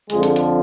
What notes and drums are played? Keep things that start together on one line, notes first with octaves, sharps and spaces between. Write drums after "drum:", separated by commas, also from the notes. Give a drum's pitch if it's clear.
F2 D3 F3 G#3, drum: hi-hat
drum: hi-hat
drum: hi-hat